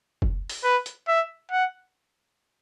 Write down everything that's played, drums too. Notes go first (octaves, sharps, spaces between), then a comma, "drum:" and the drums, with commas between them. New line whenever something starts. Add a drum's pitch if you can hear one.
drum: kick F1
drum: open hi-hat
B4
drum: hi-hat
E5
F#5